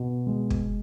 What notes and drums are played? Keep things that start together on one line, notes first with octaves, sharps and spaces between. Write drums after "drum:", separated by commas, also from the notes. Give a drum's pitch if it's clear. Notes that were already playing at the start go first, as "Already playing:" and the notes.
Already playing: B2
G#3
drum: kick